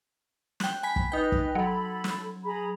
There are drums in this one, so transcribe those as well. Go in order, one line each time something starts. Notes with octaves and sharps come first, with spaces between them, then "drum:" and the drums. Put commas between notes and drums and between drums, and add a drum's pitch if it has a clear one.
G5 F#6, drum: snare
G#5 B5 B6
drum: kick
D#4 B4 D#5 G5
drum: kick
F#3 A4 B5
drum: snare
G#4 A#5 B5